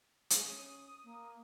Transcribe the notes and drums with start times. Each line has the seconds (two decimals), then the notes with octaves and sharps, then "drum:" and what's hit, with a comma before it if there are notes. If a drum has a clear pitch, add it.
0.30 G#3 D#6, drum: hi-hat
0.47 C#4
1.04 A#3